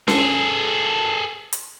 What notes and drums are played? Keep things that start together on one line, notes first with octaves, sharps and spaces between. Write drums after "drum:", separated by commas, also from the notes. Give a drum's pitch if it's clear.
G#4 A4, drum: snare C#4
drum: hi-hat